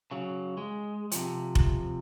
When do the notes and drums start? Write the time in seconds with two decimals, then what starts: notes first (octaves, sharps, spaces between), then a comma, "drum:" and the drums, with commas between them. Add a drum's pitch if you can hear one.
0.11 C#3 F#3
0.57 G#3
1.11 C3 F3, drum: hi-hat
1.55 drum: kick F1